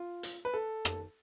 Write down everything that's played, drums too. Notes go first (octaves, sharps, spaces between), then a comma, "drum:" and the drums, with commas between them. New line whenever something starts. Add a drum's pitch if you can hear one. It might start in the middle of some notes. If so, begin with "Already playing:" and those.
Already playing: F4
drum: hi-hat
B4
A4
drum: rim click